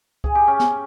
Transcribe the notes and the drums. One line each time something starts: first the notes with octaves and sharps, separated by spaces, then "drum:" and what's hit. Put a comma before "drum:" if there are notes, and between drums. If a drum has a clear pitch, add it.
G#4, drum: kick C#2
G4
C#4
drum: snare